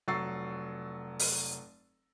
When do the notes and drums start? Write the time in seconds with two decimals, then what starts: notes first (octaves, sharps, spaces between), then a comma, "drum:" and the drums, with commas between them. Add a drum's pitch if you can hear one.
0.08 F1 F#3 C#6 E6 A6 C7
1.19 drum: open hi-hat